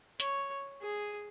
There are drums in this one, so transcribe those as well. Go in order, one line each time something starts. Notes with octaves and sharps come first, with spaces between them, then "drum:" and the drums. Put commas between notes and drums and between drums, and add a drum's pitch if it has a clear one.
C#5, drum: hi-hat
G#4